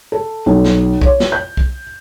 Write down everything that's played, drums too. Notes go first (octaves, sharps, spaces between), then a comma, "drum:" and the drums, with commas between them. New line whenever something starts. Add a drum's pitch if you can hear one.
A4
B1
drum: snare
C#5, drum: kick
drum: snare
G6
drum: kick